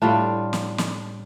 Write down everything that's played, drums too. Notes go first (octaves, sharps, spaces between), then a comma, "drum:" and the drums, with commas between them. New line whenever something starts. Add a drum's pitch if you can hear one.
A2 G3 D4 F4
drum: snare
drum: snare